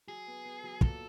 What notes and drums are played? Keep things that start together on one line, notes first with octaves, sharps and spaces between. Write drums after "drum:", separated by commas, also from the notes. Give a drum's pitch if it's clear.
F#3 G#4
B3
B3
F#3
A#2 A4, drum: kick